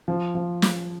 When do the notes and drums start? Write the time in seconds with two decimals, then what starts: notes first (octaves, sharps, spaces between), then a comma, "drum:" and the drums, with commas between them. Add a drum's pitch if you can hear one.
0.08 F3
0.35 F3
0.62 drum: snare